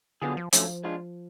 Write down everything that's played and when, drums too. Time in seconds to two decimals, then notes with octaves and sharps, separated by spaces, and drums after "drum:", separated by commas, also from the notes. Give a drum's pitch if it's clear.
0.22 D3 F#3 B3 F4 G#4
0.37 F3
0.53 D3 F3 F#3 A3 C#4, drum: hi-hat
0.84 G#3 D4 F4